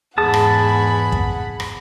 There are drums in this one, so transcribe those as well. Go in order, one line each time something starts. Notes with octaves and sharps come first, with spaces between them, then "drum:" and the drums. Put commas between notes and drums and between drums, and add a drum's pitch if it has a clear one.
E2 G#2 G#4 F#5 G#5 A5 B5 D#6
drum: rim click
drum: kick
drum: rim click